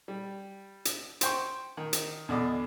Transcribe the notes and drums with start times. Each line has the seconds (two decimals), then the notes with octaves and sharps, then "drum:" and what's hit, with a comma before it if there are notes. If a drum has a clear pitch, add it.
0.08 G3
0.85 drum: hi-hat
1.21 C5 G5 C#6, drum: hi-hat
1.77 D#3
1.93 drum: hi-hat
2.28 E2 B2 D3 D5 D#5